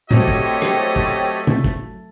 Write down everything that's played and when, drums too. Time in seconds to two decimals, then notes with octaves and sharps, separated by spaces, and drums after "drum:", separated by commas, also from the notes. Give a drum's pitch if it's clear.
0.11 F#3 A3 C4 F#4 G4 C#5 D#5, drum: tom
0.28 drum: kick
0.62 drum: rim click
0.96 drum: kick
1.47 drum: tom
1.64 drum: kick